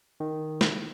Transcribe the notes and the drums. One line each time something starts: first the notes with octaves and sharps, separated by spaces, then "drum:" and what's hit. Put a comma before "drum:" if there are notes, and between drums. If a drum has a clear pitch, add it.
D#3
drum: snare